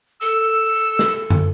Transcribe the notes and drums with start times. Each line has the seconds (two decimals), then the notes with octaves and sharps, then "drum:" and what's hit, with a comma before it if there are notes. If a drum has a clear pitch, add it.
0.21 A4 E6
0.99 drum: snare
1.30 drum: tom F#2